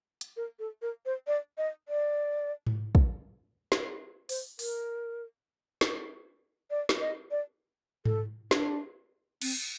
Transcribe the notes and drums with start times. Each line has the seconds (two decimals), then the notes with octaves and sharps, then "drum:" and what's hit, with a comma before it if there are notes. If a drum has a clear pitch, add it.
0.21 drum: hi-hat
0.37 A#4
0.59 A4
0.82 A#4
1.05 C5
1.27 D5
1.58 D#5
1.88 D5
2.67 drum: tom G#2
2.95 drum: kick
3.72 drum: snare
4.29 C5, drum: open hi-hat
4.59 A#4, drum: open hi-hat
5.81 drum: snare
6.70 D5
6.89 drum: snare
7.01 D#5
7.31 D5
8.05 A4, drum: tom G#2
8.51 D4, drum: snare
9.42 C4, drum: cymbal